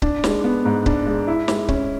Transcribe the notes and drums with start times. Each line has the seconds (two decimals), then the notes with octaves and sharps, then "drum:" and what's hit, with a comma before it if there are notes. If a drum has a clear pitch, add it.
0.02 D4, drum: kick C#1
0.24 G#3, drum: snare
0.44 B3
0.65 G#2
0.86 D4, drum: kick C#1
1.07 G#3
1.27 E4
1.48 G#3, drum: snare
1.68 C#4, drum: kick C#1